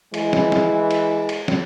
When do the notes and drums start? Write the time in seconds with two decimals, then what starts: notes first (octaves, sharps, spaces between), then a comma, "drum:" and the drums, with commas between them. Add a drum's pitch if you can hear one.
0.14 E3 G#3, drum: cymbal
0.33 drum: snare
0.52 drum: snare
0.91 drum: cymbal
1.29 drum: cymbal
1.48 drum: snare